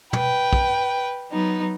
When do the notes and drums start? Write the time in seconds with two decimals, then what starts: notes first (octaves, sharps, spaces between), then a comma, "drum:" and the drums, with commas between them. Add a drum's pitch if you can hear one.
0.13 B4 G5, drum: tom
0.53 drum: kick
1.30 F#3 B3 D#4